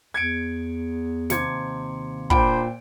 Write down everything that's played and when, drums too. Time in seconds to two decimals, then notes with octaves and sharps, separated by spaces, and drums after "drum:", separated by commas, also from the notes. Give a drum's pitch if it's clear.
0.14 E2 G#6 C#7 D7
1.30 D#2 C3 C5 G#6 C#7, drum: snare
2.30 A#2 D4 C5 G5 B5 D7, drum: kick